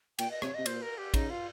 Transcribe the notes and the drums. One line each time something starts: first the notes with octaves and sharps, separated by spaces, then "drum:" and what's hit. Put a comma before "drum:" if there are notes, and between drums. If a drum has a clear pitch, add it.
A#2 G5, drum: cymbal
D#5
C3 C#5, drum: rim click
C3 D#5
A#2 C5, drum: cymbal
A#4
G4
C#3 D#4, drum: kick A1, cymbal
F4